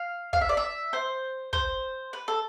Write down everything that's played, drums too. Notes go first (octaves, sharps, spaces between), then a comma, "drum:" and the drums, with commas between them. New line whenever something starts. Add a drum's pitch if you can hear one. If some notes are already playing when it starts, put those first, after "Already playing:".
Already playing: F5
F5, drum: kick
E5
D5
E5
C5
C5, drum: kick
B4
A4